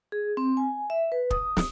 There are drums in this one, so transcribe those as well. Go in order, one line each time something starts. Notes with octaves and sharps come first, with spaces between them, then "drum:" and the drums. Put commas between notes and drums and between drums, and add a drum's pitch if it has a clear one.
G#4
C4
G#5
E5
B4
D#6, drum: kick
drum: snare